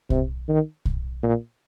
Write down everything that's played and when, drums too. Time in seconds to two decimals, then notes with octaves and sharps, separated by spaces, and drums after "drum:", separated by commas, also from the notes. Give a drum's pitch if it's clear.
0.10 C3, drum: kick B1
0.49 D#3
0.85 drum: kick B1
1.23 A#2